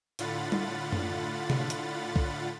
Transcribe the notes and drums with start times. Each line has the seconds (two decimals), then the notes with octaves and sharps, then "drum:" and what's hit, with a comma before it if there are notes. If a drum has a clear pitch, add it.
0.19 A2 D3 F4 F#5 B5 A6, drum: hi-hat
0.52 drum: tom G3
0.92 drum: tom F#2
1.50 drum: tom C3
1.70 drum: hi-hat
2.16 drum: kick